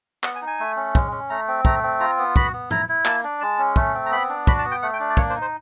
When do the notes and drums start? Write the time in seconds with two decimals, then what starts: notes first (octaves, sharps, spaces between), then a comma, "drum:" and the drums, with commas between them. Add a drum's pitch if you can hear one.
0.24 B3 F#5, drum: clap
0.35 G#5
0.42 D#4
0.47 G#5
0.60 A3
0.77 C#4
0.95 G#3, drum: kick
1.12 C#4
1.30 A3 A#5
1.48 C4
1.65 A3 A#5, drum: kick
1.83 C4
2.00 F4 A#5
2.18 B3
2.36 F#4 B5, drum: kick
2.53 B3
2.71 E4 A#5, drum: tom G2
2.89 E4
3.05 A#3 A5, drum: clap
3.23 D4
3.41 G#3 A5
3.59 C#4
3.76 A3, drum: kick
3.95 C4
4.06 A#5
4.11 B3 B5
4.29 D4
4.47 F#4 B5, drum: kick
4.59 A5
4.65 B3
4.71 G5
4.82 A3 F#5
4.93 G5
5.00 D4
5.10 D5
5.17 A#3 C#5, drum: kick
5.30 C5
5.35 D#4
5.42 C5